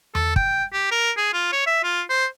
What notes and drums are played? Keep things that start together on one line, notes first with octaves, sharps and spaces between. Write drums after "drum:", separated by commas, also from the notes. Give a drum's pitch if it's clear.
A4, drum: tom E2
G5, drum: kick
G4
A#4
G#4
F4
C#5
E5
F4
C5